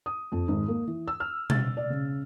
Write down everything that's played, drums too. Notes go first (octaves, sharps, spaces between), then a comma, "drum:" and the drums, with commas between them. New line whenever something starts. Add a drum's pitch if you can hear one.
D#6
F2
G#1
A#3
E3
E6
F6
A6, drum: tom B2
D5
C#3